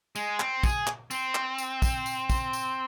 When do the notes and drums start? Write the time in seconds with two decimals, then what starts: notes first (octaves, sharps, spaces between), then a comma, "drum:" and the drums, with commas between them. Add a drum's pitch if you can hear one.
0.16 G#3, drum: tambourine
0.40 C4, drum: clap
0.63 G#4, drum: kick, tambourine
0.87 drum: clap
1.11 C4, drum: tambourine
1.35 drum: clap
1.58 drum: tambourine
1.82 drum: kick, tambourine
2.06 drum: tambourine
2.30 drum: kick, tambourine
2.53 drum: tambourine